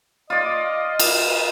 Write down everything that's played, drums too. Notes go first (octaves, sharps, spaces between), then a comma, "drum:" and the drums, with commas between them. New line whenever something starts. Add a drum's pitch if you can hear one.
F4 D5 D#5
drum: cymbal